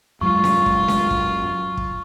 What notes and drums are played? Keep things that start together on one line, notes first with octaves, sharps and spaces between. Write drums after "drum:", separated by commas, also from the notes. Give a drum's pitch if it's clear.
F#2 F#3 G#3 F4 C#6
drum: snare C#4
drum: kick
drum: snare C#4
drum: kick
drum: kick